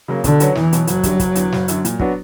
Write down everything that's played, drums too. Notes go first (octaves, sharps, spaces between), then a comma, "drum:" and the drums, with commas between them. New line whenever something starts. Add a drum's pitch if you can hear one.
C#3 F#3 A#3
B2 D3, drum: kick, hi-hat
F#3 C#4 F#4 B4, drum: hi-hat
E2 E3, drum: snare
B2 F#3, drum: hi-hat
F#1 F#3, drum: hi-hat
F#2 D3 G3, drum: kick, hi-hat
F#1, drum: kick, hi-hat
E2 D3, drum: hi-hat
F#1, drum: snare
F#2 D3, drum: hi-hat
A#2, drum: hi-hat
F#3 B3 D4 F#4, drum: kick